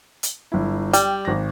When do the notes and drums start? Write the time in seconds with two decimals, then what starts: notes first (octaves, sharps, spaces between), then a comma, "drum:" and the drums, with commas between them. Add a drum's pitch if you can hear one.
0.23 drum: hi-hat
0.52 G1 E4
0.93 G3 G5, drum: hi-hat
1.25 G#1 A#6